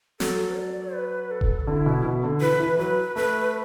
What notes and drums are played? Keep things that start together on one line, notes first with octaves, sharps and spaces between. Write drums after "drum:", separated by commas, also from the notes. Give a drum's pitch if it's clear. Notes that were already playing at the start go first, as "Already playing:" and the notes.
F#3 A4, drum: snare
D5
B4
A4
drum: kick D#1
D3 E4
B2
B2
D3
E3 B4
E3
F#3 B4
A3 B4